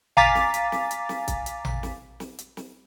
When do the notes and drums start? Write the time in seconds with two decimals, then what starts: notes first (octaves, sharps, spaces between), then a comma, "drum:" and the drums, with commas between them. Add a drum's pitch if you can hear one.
0.17 F5 G#5 A#5 D6 A6 B6, drum: tom A1
0.35 drum: snare
0.54 drum: hi-hat
0.72 drum: snare
0.91 drum: hi-hat
1.09 drum: snare
1.28 drum: kick, hi-hat
1.46 drum: hi-hat
1.65 drum: tom A1
1.83 drum: snare
2.20 drum: snare
2.39 drum: hi-hat
2.57 drum: snare